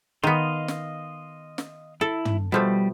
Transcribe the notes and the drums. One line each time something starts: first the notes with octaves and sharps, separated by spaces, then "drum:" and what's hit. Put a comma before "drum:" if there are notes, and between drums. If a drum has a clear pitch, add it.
D#3 B3 D#5 F5 C6
drum: snare
drum: snare
E4 A4
drum: tom
B2 F3 G3 A3